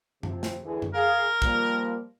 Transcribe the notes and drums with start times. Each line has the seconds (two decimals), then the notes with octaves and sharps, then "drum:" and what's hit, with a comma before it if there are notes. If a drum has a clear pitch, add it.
0.23 C3 F3, drum: tom F#2
0.43 drum: snare
0.64 D2 E3 G#4
0.82 drum: tom F#2
0.95 G#4 A#4 F5
1.42 F3 G3 A#3, drum: kick